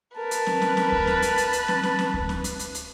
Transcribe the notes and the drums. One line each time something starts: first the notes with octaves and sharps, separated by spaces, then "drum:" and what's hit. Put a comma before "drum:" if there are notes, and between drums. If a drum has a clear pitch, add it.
A#4 B4 A5
drum: hi-hat
drum: snare
drum: snare
drum: snare
drum: kick D2
drum: snare
drum: hi-hat
drum: hi-hat
drum: hi-hat
drum: snare
drum: snare
drum: snare
drum: kick D2
drum: snare
drum: hi-hat
drum: hi-hat
drum: hi-hat